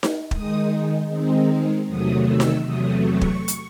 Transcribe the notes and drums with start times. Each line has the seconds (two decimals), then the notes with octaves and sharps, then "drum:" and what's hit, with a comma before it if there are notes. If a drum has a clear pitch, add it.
0.03 drum: snare D#4
0.31 D#3 G#3 D#4 D#6, drum: kick
1.08 D#3 G#3 C4 D#4
1.87 E2 C3 D#3 F#3 A3 D#6
2.26 E6
2.40 drum: snare D#4
2.64 E2 C3 F#3 A3 D#6
3.03 C#6
3.21 drum: kick
3.48 drum: hi-hat